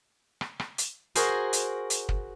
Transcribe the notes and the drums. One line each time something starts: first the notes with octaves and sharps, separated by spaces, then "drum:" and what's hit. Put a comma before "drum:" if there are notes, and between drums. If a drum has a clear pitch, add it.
drum: rim click
drum: rim click
drum: hi-hat
F#4 G#4 A#4 C5, drum: hi-hat
drum: hi-hat
drum: hi-hat
drum: kick